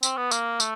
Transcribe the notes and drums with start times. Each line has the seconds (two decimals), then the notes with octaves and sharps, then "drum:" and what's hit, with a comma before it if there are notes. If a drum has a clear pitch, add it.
0.03 C4, drum: tambourine
0.17 B3
0.31 A#3, drum: tambourine
0.60 A3, drum: tambourine